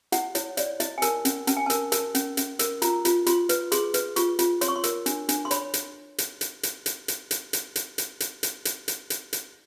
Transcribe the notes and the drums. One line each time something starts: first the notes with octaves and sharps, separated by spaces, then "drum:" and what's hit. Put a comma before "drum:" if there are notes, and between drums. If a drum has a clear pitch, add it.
E4 F#5, drum: hi-hat
E4 C#5, drum: hi-hat
C#5 D5, drum: hi-hat
E4 D#5, drum: hi-hat
G#5
A#4 A5, drum: hi-hat
C#4, drum: hi-hat
C#4 A5, drum: hi-hat
G#5
A5
A#4, drum: hi-hat
A#4 A5, drum: hi-hat
C#4, drum: hi-hat
C#4, drum: hi-hat
A#4, drum: hi-hat
F4 A#5, drum: hi-hat
F4, drum: hi-hat
F4 C6, drum: hi-hat
B4, drum: hi-hat
G#4 C6, drum: hi-hat
B4, drum: hi-hat
F4 C#6, drum: hi-hat
F4, drum: hi-hat
C#5 C6, drum: hi-hat
C#6
C6
A#4, drum: hi-hat
D4, drum: hi-hat
D4, drum: hi-hat
C6
C#5 B5, drum: hi-hat
drum: hi-hat
drum: hi-hat
drum: hi-hat
drum: hi-hat
drum: hi-hat
drum: hi-hat
drum: hi-hat
drum: hi-hat
drum: hi-hat
drum: hi-hat
drum: hi-hat
drum: hi-hat
drum: hi-hat
drum: hi-hat
drum: hi-hat
drum: hi-hat